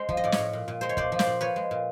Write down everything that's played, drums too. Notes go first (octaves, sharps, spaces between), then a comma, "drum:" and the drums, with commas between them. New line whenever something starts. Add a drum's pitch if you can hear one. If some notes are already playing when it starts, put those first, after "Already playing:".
Already playing: G#3 C5
F3, drum: kick
D#5
A2 D5
C#5 D#5, drum: snare
A2
A#2
A#2
G#3 C5
C#5
A#2 C5 D5, drum: kick
F3
C5 D5, drum: snare
A#2
F3 B4 C#5
G#3
A#2